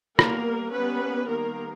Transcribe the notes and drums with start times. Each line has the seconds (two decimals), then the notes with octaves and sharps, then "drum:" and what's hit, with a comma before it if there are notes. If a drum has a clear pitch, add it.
0.19 G3 A#3 B3 A#4, drum: rim click
0.73 G3 A#3 B3 C#4 B4
1.28 D#3 G3 A#3 B3 A#4